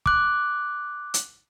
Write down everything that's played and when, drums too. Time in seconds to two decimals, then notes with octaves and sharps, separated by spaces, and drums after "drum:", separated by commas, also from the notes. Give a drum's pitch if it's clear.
0.06 D6 F#6, drum: kick
1.14 drum: hi-hat